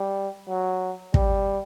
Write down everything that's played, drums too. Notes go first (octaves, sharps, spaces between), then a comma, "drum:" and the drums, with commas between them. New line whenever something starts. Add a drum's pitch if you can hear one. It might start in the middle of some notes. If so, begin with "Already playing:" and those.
Already playing: G3
F#3
G3, drum: kick